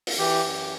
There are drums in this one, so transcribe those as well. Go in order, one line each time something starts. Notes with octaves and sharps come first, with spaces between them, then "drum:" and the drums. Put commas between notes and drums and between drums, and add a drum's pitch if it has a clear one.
drum: open hi-hat
E3 G4
F#2